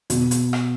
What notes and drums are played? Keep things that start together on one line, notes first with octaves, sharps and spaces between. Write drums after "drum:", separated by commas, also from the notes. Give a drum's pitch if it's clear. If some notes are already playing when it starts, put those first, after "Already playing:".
B2, drum: hi-hat
drum: hi-hat
drum: rim click